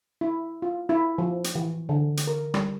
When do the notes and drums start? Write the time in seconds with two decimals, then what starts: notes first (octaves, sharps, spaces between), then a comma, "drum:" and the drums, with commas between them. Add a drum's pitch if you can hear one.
0.21 E4
0.62 F4
0.89 E4
1.18 F3
1.44 drum: hi-hat
1.55 E3
1.89 D3
2.17 drum: hi-hat
2.27 A#4
2.54 G3, drum: rim click